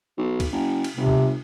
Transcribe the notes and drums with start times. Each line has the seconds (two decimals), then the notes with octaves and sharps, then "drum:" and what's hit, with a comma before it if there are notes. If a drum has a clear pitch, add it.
0.18 B1
0.40 drum: kick C#2, cymbal
0.52 F#1
0.84 drum: cymbal
0.97 G1 C3
1.07 drum: kick C#2